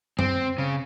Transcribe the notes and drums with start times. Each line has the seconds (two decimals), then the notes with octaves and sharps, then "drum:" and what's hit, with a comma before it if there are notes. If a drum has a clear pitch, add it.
0.19 C4, drum: tom F#2
0.58 C#3